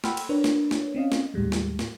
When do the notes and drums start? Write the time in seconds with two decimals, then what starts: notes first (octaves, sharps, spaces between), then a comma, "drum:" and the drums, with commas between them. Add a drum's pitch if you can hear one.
0.04 F#5 G5 B5 C6 E6 F6, drum: snare
0.17 drum: cymbal
0.29 D4 A#4 B4 C#5
0.44 drum: snare
0.71 drum: snare
0.95 C4 C#4 D#5 F5
1.12 drum: snare
1.34 D#2 A2 D#3 G3 G#3
1.52 drum: snare
1.79 drum: snare